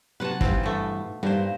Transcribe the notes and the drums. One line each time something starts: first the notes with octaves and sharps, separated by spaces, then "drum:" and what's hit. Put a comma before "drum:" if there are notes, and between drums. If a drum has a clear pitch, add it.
C3 F#3 B4 F#5 A5
G2 E3 C4 F4, drum: kick
B2 A3
G2 A#2 E3 A#3 C5